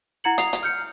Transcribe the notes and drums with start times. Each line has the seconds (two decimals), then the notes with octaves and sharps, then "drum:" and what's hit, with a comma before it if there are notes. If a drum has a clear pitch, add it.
0.24 E4 F#5 A#5 G#6 C#7 F#7
0.38 D#6 C7 F7, drum: hi-hat
0.53 drum: hi-hat
0.63 F6 G6 C#7